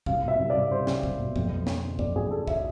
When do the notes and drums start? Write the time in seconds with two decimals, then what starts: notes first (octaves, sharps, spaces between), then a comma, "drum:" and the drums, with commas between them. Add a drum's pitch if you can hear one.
0.06 C2 F5, drum: kick
0.24 B2 E5
0.39 C2
0.50 C2 D5
0.71 C2 C5
0.87 C2, drum: snare
1.03 C2, drum: kick
1.19 B2
1.36 F2, drum: kick
1.51 F2
1.67 F2, drum: snare
1.84 D3
1.99 F2 D5, drum: kick
2.15 F2 G#4
2.31 D3 A4
2.47 E5, drum: kick